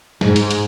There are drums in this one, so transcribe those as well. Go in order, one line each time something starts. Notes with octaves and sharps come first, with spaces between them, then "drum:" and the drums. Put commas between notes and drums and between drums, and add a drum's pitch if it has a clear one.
G#2, drum: snare
drum: hi-hat
drum: hi-hat